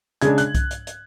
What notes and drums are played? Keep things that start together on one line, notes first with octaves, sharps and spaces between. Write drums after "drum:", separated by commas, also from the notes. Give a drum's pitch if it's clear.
C#3 G#3 D4 G#6, drum: hi-hat
F#6, drum: hi-hat
drum: kick C2, hi-hat
drum: hi-hat
drum: hi-hat